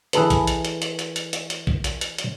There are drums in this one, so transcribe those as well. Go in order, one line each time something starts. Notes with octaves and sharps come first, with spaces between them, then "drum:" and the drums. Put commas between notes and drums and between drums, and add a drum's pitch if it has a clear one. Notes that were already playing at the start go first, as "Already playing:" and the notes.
E3 G#4 A4 B4, drum: hi-hat
drum: kick A#1, hi-hat
drum: hi-hat
drum: hi-hat
drum: hi-hat
drum: hi-hat
drum: hi-hat
drum: hi-hat
drum: hi-hat
drum: kick A#1
drum: hi-hat
drum: hi-hat
drum: hi-hat